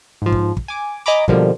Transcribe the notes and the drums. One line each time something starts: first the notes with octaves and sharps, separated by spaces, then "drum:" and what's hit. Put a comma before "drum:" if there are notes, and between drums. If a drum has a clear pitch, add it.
G#2 F3
drum: kick
drum: kick
G#5 D6
D#5 G#5 A#5 B5 D6
B2 D3 F3 G3 A#3, drum: kick